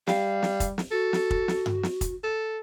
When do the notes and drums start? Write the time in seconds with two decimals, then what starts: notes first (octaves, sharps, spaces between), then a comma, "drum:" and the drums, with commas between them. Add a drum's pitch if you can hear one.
0.07 G3 F5, drum: snare
0.43 drum: snare
0.60 drum: kick, hi-hat
0.78 drum: snare
0.91 F#4 A4
1.13 drum: snare
1.31 drum: kick
1.48 drum: snare
1.66 drum: tom G2
1.83 drum: snare
2.01 drum: kick, hi-hat
2.24 A4